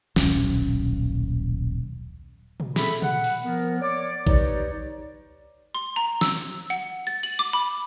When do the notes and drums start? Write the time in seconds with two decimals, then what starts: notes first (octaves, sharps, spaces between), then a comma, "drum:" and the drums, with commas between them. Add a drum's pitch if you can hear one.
0.16 D#1 B1 C#4, drum: snare
2.60 drum: tom A#2
2.76 G#4 A4 E5 B5, drum: snare
3.02 F#5, drum: tom A#2
3.24 drum: open hi-hat
3.44 F3 B3 A#4
3.82 C#5 D5 D6
4.27 D#4 G4 B4 C#5 D5, drum: kick A1
5.75 C6
5.96 A#5
6.21 E6, drum: snare
6.70 F#5, drum: hi-hat
7.07 A6
7.23 F#7, drum: cymbal
7.39 D6
7.53 B5